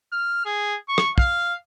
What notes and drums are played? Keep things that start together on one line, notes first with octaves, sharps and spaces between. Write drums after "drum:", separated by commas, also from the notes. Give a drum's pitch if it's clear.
F6
G#4
C#6
drum: rim click
F5, drum: kick